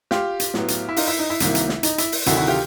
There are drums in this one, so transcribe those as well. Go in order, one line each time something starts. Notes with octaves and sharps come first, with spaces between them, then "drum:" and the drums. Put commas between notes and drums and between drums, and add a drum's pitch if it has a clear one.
F4 G4, drum: snare
drum: hi-hat
A2 F#3 B3, drum: snare
drum: hi-hat
E4
D#4 F4, drum: open hi-hat
E4
D#4
E4
C2 C3 D#3 F#3 A#3 E4, drum: hi-hat
drum: hi-hat
drum: snare
D#4, drum: hi-hat
E4, drum: hi-hat
drum: open hi-hat
D2 C3 D#3 F#3 A3 E4 F#4, drum: hi-hat
E4 F#4
F4 G4